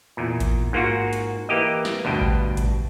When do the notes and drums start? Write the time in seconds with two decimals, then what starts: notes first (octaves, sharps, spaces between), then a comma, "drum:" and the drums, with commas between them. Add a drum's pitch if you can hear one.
0.17 E2 A#2
0.40 drum: kick A1, hi-hat
0.73 G#2 A#3 F4 F#4
1.13 drum: hi-hat
1.49 E3 A#3 G4 D#5
1.85 drum: snare
2.05 D2 G2 B2 G5
2.21 drum: kick A1
2.57 drum: kick A1, hi-hat